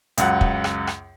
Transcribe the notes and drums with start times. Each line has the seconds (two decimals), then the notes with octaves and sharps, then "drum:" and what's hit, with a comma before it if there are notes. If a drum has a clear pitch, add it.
0.18 C#2 F#2 F#5, drum: hi-hat
0.41 drum: kick
0.64 drum: rim click
0.87 drum: rim click